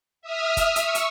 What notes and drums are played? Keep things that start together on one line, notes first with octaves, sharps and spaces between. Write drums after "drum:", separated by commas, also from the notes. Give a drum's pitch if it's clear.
E5 D#6 F6
drum: kick, hi-hat
C#6 E6, drum: hi-hat
drum: hi-hat